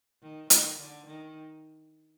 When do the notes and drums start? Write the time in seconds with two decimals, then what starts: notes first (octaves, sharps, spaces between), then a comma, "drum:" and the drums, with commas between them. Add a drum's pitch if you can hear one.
0.22 D#3
0.50 D#3, drum: hi-hat
0.79 D3
1.07 D#3